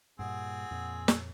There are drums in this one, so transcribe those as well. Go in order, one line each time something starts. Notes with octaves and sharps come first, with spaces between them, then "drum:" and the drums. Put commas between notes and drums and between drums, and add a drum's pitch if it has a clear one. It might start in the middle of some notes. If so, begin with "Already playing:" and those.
G2 A#2 C4 G#4 F#5
F2 A#2
drum: snare